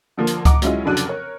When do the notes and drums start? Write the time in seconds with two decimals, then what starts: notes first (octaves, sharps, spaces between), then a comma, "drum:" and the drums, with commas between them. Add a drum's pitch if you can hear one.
0.17 D3 F3 A#3
0.27 drum: hi-hat
0.45 D#5 F#5 A#5 D6, drum: kick C#2, hi-hat
0.62 F#3 G#3 C#4 E4 F4, drum: hi-hat
0.85 F1 C#3 F#3 D4 F#6 D#7
0.97 drum: hi-hat
1.06 A#4 C#5